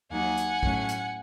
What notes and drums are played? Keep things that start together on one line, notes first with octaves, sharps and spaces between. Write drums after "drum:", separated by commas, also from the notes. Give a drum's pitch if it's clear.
D#2 D#3 F#3 A#3 F#5 G#5
drum: hi-hat
A2 F#3 A3 C#4, drum: kick A1
drum: hi-hat